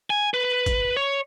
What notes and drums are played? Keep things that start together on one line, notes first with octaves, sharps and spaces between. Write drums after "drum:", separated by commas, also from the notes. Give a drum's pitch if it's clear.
G#5
B4
drum: kick, hi-hat
C#5